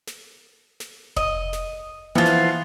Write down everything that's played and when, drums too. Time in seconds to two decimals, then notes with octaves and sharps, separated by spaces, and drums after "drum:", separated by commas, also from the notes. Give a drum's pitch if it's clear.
0.07 drum: snare
0.80 drum: snare
1.16 D#5, drum: kick F1
1.53 drum: snare
2.15 E3 F3 B3 F4
2.26 drum: snare